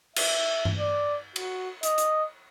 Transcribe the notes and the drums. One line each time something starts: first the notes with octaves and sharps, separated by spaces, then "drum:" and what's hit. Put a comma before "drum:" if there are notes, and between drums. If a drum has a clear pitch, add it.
E5, drum: cymbal
drum: tom G2
D5
F#4, drum: cymbal
D#5, drum: hi-hat
drum: hi-hat